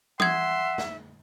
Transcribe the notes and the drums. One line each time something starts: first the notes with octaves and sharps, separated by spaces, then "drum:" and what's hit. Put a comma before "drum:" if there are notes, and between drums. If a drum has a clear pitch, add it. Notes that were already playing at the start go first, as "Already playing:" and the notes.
E5 F#5 C6 D#6 G#6, drum: tom E3
drum: snare